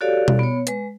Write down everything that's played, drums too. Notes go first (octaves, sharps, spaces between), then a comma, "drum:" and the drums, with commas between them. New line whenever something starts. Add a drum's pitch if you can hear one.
F#4 G4 A4 C#5 D5 F5
drum: tom B2
B3 C#5
G#3 B4, drum: hi-hat